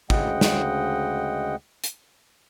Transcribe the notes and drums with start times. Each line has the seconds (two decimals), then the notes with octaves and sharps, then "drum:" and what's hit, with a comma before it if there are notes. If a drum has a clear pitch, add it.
0.10 D2 C#3 G#3 D#5 F#5 G5, drum: kick
0.41 drum: snare
1.84 drum: hi-hat